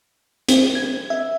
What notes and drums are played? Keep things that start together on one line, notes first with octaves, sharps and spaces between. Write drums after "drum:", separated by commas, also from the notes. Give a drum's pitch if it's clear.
C4, drum: hi-hat
G#6
E5